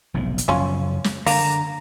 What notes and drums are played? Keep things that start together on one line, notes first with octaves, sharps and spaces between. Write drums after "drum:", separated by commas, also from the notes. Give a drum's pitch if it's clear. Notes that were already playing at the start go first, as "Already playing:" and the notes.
F1 B1 G#2
drum: hi-hat
F#2 C#3 F3 F#3 C#4 F4
drum: snare
D3 A#3 A#5, drum: open hi-hat